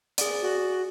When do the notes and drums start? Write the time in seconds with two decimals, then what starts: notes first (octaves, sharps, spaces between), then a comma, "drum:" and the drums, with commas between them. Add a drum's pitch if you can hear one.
0.18 G#4 D5, drum: hi-hat
0.41 F#4